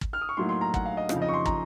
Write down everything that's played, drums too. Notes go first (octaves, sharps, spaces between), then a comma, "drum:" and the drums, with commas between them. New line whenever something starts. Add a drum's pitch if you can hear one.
drum: kick
F6
D#6
C#6
A2 F#3 A#3 D#4 C6
C6
A#5
F#5, drum: kick
F5
D#5
F2 C#3 F3 C4 D#4 F5, drum: rim click
D#5
C#6
C6
A#5, drum: kick